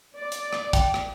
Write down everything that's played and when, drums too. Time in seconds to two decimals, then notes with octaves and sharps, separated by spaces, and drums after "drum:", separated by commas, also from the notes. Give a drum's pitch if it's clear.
0.16 D5
0.32 drum: hi-hat
0.53 drum: rim click
0.73 G5, drum: kick, hi-hat
0.94 drum: rim click